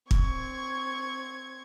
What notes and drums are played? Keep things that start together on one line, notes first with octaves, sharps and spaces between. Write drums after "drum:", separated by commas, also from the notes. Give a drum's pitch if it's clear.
C4 C#6 G#6, drum: kick